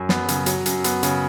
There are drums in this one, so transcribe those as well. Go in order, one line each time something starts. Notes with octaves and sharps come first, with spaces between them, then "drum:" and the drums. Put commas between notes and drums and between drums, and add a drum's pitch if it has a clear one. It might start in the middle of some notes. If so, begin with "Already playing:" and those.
Already playing: F#2 F#3
B3, drum: snare
C#3, drum: hi-hat
F#3, drum: hi-hat
F#2, drum: hi-hat
B3, drum: hi-hat
C#3, drum: hi-hat